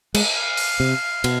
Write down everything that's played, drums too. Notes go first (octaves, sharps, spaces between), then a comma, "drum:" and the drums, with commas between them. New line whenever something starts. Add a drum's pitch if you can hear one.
G#3, drum: cymbal
F5
drum: open hi-hat
C3
B2, drum: cymbal